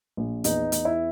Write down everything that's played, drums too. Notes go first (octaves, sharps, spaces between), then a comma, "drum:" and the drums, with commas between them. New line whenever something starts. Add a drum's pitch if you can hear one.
A#1
E2 D#4, drum: hi-hat
E2, drum: hi-hat
E4